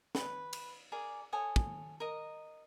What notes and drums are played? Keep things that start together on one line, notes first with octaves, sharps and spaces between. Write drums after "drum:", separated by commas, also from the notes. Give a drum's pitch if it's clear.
B4, drum: snare
drum: cymbal
G#4 A#4 D5
A4 C#5 G#5 D#6
drum: kick
A#4 D#5